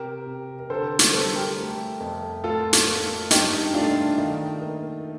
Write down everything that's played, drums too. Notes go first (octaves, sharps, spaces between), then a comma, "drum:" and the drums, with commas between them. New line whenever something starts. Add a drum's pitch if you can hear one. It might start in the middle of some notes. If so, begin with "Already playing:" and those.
Already playing: C3 G4 A#4
C3
A#4
D3 A4 C5
drum: hi-hat
G3 A4 C5
G4 A#4
A3
F2
A2 F4 A4
drum: hi-hat
A#3
G2 D#4 G4, drum: hi-hat
A3 D4 F4
D#3 D#4
A#3